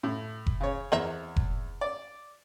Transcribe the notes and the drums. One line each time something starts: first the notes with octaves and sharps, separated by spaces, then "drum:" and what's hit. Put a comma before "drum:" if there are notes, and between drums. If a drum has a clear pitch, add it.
A2
drum: kick F1
C#3 C#5
E2 C4 A#4 E5
drum: kick F1
D5